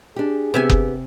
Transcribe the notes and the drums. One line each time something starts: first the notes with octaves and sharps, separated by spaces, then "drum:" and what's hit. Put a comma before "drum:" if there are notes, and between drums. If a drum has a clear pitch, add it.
D4 G4 G#4
C3 B3 G4 E5 G#5
drum: kick F#1